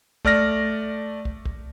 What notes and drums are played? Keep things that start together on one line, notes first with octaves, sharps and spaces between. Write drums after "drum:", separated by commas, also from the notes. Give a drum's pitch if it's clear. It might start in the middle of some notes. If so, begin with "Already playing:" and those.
A3 D5 F6 A#6, drum: kick
drum: kick
drum: kick